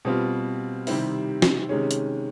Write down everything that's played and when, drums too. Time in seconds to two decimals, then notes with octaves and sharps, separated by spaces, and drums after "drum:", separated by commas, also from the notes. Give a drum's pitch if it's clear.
0.05 B2 G3 C4 F4
0.87 C3 D#3 G3 C4 E4, drum: open hi-hat
1.42 drum: snare
1.69 C3 D#3 G#3 C#4
1.91 drum: hi-hat